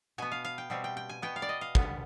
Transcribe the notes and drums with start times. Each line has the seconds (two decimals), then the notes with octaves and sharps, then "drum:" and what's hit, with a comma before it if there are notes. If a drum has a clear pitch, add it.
0.18 B2 B3 G#5
0.32 F5
0.45 F5
0.58 G5
0.70 B2 G3 C4
0.84 G5
0.97 G5
1.09 G#5
1.22 B2 B3 G5
1.36 F5
1.42 D5
1.49 D#5
1.61 F5
1.75 D3 G3 B3, drum: kick